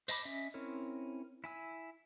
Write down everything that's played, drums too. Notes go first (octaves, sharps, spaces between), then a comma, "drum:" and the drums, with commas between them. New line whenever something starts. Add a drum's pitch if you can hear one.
C5 D#5 A5 B5 D6, drum: tambourine
C#4 D#5 E5
C4 C#4 E4 A#4 C#5
E4 G#5 E6